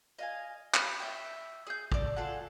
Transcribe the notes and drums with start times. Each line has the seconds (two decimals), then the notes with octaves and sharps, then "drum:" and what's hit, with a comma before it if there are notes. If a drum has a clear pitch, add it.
0.19 D#5 F5 G#5
0.74 C#5 B5, drum: clap
1.00 E5 G5
1.67 G#4 G6
1.92 A4 D5, drum: kick
2.16 F4 G#4 A4 F#5